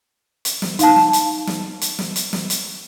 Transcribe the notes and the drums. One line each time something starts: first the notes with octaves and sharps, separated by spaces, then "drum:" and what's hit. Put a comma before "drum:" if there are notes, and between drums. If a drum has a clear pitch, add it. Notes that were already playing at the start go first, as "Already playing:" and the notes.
drum: hi-hat
drum: snare
D#4 F5 A5, drum: hi-hat
drum: snare
drum: hi-hat
drum: snare
drum: hi-hat
drum: snare
drum: hi-hat
drum: snare
drum: hi-hat